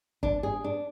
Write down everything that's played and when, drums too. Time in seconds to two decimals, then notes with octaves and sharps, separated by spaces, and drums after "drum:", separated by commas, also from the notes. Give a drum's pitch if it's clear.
0.23 D4, drum: kick
0.43 G#4
0.64 D4